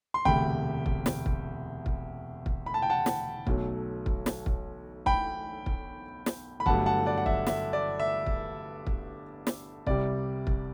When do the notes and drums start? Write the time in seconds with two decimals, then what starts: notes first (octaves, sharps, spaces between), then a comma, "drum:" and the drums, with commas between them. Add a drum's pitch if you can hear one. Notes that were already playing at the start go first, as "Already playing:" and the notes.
0.14 C6
0.25 E1 D2 C3 G5 B5, drum: kick
0.86 drum: kick
1.06 drum: snare
1.26 drum: kick
1.86 drum: kick
2.46 drum: kick
2.66 B5
2.74 A5
2.82 G5
2.90 F#5 A5
3.06 drum: snare
3.47 B1 B2 F#3 A3, drum: kick
4.06 drum: kick
4.26 drum: snare
4.46 drum: kick
5.06 G5 B5, drum: kick
5.66 drum: kick
6.26 drum: snare
6.60 B5
6.66 G1 G2 F#3 A3 F#5 A5, drum: kick
6.86 F#5 A5
7.06 D5 F#5
7.17 F#5
7.26 E5, drum: kick
7.47 E5, drum: snare
7.73 D5
8.00 E5
8.26 drum: kick
8.87 drum: kick
9.47 drum: snare
9.87 C2 C3 G3 D5, drum: kick
10.47 drum: kick